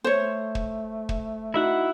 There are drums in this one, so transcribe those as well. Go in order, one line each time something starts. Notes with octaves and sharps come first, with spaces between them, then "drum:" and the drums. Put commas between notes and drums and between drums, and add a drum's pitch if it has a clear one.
A3 C5 C#5
drum: kick
drum: kick
D#4 E4 F#4 E5 F#5